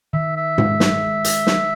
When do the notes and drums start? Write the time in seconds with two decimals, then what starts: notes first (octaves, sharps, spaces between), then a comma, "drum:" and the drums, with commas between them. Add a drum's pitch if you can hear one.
0.13 D#3 E5
0.36 E5
0.58 G#3, drum: tom G#2
0.80 drum: snare
1.24 drum: hi-hat
1.47 drum: snare